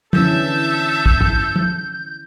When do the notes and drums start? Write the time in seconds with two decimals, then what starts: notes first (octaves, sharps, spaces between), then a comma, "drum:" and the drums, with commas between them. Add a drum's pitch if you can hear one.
0.13 D3 E3 C#4 A4 E5 A5 G6, drum: tom
1.06 drum: kick
1.21 drum: tom G2
1.56 drum: tom